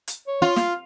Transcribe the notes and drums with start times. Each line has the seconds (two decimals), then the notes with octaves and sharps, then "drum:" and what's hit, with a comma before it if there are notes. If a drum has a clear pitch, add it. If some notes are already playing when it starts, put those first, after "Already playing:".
0.08 drum: hi-hat
0.28 C#5
0.42 F4
0.56 F5, drum: snare